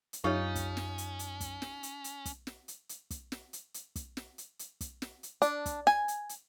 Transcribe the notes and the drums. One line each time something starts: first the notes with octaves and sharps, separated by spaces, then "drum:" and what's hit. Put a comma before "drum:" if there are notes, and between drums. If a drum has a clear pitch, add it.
drum: hi-hat
F#2 C#4 D#4 F4 G4 C#5
drum: kick, hi-hat
drum: snare
drum: hi-hat
drum: hi-hat
drum: kick, hi-hat
drum: snare
drum: hi-hat
drum: hi-hat
drum: kick, hi-hat
drum: snare
drum: hi-hat
drum: hi-hat
drum: kick, hi-hat
drum: snare
drum: hi-hat
drum: hi-hat
drum: kick, hi-hat
drum: snare
drum: hi-hat
drum: hi-hat
drum: kick, hi-hat
drum: snare
drum: hi-hat
D4, drum: hi-hat
drum: kick, hi-hat
G#5, drum: snare
drum: hi-hat
drum: hi-hat